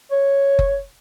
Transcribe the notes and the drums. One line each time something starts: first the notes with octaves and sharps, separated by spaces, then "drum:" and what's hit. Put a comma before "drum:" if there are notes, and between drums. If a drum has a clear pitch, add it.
C#5
drum: kick F#1